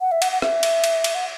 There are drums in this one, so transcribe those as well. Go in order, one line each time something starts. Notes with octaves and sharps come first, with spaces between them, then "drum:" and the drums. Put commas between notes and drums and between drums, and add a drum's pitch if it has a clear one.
F#5
E5
F#5, drum: cymbal
F#5
E5, drum: rim click
drum: cymbal
drum: cymbal
drum: cymbal
F#5